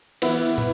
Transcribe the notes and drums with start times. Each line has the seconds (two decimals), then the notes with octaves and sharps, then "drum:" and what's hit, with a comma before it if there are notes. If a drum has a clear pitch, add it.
0.22 E3 B3 E4, drum: cymbal
0.58 drum: tom